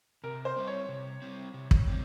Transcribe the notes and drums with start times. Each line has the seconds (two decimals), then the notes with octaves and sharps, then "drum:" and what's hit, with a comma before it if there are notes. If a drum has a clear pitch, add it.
0.24 C3 A#4
0.45 C5
0.56 G3 C4
0.67 C#5
0.88 C3
1.22 G3 C4
1.54 C3
1.71 drum: kick
1.88 G3 C4